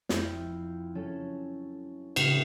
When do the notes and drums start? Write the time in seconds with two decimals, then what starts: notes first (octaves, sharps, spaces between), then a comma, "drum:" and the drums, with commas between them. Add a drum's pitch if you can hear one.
0.09 F2 E4 G6, drum: snare
0.95 F#3 C#4 A4
2.16 A2 C#3 G#3 A#3, drum: cymbal